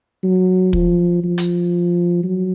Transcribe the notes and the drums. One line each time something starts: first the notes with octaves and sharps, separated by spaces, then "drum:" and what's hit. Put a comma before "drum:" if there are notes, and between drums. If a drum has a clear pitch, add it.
F#3
F3, drum: kick
F3
drum: hi-hat
F#3